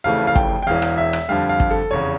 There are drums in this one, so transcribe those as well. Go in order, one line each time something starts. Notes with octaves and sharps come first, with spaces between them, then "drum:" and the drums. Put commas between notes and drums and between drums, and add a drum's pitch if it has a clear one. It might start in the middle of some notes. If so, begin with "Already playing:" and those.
F1 F2 C#3 E3 A3 F5
F5
G5, drum: kick
G5
E1 E2 E3 F5
drum: rim click
E5
drum: rim click
F2 D3 G3 F5
F5
drum: kick
A4
F1 E2 C#3 C#5